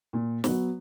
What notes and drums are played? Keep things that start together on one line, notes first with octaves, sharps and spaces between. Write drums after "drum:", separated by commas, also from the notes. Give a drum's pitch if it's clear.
A#2
F#3 B3, drum: snare